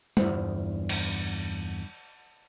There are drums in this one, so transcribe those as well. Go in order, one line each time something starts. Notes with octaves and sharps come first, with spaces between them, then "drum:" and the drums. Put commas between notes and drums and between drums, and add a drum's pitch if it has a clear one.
E2 G2 E4 F4 C5 F#5, drum: tom G3
drum: cymbal